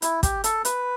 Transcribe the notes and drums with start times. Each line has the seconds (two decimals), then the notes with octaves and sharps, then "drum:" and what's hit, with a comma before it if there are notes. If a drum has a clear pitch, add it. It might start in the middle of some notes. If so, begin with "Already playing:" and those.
0.02 E4, drum: hi-hat
0.23 G4, drum: kick, hi-hat
0.44 A4, drum: hi-hat
0.65 B4, drum: hi-hat